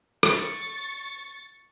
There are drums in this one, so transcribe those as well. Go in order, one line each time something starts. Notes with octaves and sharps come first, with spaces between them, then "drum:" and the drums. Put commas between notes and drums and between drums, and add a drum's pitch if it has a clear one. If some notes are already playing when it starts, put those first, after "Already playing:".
C#6 A6, drum: rim click